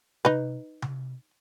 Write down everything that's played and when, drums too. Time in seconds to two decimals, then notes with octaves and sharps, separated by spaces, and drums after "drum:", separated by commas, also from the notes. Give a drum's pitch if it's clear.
0.25 D#4 B4, drum: tom C3
0.82 drum: tom C3